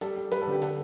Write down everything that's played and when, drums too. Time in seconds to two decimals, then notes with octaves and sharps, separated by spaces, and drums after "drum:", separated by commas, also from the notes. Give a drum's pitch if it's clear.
0.01 G3 A4, drum: hi-hat
0.16 G3
0.32 G3 B4, drum: hi-hat
0.42 A4
0.47 D3 G4
0.62 D3 A4, drum: hi-hat